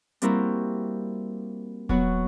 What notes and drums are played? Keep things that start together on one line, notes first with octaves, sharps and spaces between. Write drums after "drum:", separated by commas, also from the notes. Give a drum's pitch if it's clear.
G3 A#3 C4 E4 F#4 A#4, drum: hi-hat
F#3 B3 F#4, drum: kick D#1